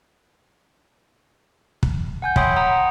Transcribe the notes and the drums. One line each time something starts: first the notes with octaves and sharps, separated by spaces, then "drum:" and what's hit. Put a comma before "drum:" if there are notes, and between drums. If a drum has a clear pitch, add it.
drum: kick
F#5 G#5 G6
C#5 E5 G5 B5 C6 D#6, drum: kick
F#5 A#5 D#6